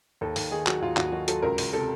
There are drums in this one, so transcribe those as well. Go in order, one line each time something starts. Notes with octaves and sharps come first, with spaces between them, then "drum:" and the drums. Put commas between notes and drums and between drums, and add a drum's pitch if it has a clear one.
D#2 A4
D#2, drum: open hi-hat
D#3 G#4
F#3 F#4, drum: clap
D#2 F4
D#2 F#4, drum: clap
D#3 F#4
F#3 A4, drum: hi-hat
C#2 A#4
C#2, drum: open hi-hat
C3 A4